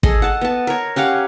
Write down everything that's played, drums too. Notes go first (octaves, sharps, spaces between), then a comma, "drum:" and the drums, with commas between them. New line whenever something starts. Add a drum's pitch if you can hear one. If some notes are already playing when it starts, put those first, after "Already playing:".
G#4 A4 D#5, drum: kick
F#5 A5
B3 A5
A#4 C#5
C#4 G4 F5 F#5